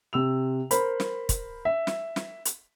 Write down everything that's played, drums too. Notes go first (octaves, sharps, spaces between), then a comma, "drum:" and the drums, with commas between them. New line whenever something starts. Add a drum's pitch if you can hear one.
C3 E6 F7
A#4 C5 B5, drum: hi-hat
drum: snare
drum: kick, hi-hat
E5
drum: snare
drum: snare
drum: hi-hat